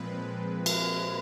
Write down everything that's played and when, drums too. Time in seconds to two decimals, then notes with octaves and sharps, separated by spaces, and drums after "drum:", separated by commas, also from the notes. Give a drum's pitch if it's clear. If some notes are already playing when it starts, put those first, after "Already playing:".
Already playing: A#2 F3 G#3 C4 B4
0.66 A#4, drum: cymbal